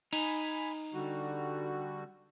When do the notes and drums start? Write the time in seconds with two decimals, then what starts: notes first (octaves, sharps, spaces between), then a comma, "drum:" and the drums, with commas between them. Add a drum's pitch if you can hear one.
0.13 D#4 G#5 B5, drum: cymbal
0.94 D3 G3 F#4